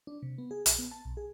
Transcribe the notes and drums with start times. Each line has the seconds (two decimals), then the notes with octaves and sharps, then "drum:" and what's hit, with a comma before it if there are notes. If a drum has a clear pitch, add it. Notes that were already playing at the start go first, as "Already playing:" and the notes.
0.07 D4
0.23 C3
0.38 B3
0.51 G#4
0.66 A#1, drum: hi-hat
0.79 B3
0.91 A5
1.05 B1
1.17 G#4